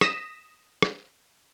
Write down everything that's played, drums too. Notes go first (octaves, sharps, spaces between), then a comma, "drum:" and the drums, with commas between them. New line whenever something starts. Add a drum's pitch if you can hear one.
D#6 A#6 B6 E7, drum: rim click
drum: rim click